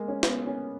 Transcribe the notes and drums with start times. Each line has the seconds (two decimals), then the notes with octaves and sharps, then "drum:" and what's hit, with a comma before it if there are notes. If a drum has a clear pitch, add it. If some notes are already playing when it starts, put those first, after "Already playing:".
Already playing: G#3 A#3
0.08 C#4
0.23 B3, drum: snare
0.46 C#4